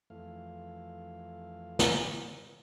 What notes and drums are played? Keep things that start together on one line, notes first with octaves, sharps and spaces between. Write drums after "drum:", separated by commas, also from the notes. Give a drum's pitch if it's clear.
F2 E3 A3 F5
drum: snare